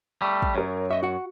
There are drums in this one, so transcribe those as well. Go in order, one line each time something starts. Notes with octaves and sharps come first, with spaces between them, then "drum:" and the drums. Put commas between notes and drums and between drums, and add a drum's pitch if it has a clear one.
G3 A3
drum: kick
F#2 A#4 C#5
D#5 E5 C#6
F#4 F#5